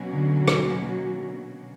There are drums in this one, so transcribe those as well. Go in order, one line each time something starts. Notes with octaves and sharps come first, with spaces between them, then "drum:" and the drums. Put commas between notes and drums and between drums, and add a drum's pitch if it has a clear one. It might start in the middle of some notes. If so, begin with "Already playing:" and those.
Already playing: B2 F#3 A#3 C#4 F#4
D3
D#3, drum: rim click
D#3
D3